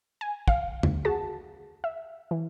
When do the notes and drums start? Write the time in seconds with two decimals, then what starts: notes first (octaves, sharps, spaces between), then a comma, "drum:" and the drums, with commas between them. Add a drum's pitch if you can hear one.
0.21 G#5
0.48 F5, drum: kick
0.83 D2, drum: tom E2
1.05 F#4 G#4 A5
1.84 E5
2.31 E3